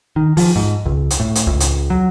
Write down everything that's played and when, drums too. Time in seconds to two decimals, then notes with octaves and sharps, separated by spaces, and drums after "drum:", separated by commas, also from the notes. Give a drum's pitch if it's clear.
0.16 D#3
0.37 F3, drum: open hi-hat
0.56 G#2
0.86 C#2
1.10 drum: hi-hat
1.20 A2
1.35 drum: hi-hat
1.47 C#2
1.60 drum: hi-hat
1.90 F#3